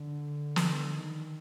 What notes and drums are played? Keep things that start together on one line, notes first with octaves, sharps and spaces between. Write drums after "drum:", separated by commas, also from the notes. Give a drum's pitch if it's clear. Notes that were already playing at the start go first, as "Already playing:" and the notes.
Already playing: D3
drum: snare
D#3